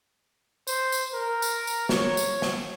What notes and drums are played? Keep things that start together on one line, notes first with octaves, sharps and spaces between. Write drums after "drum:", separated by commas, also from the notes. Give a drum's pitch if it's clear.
C5, drum: tambourine
drum: tambourine
A#4
drum: tambourine
drum: tambourine
C#5, drum: snare
drum: tambourine
drum: snare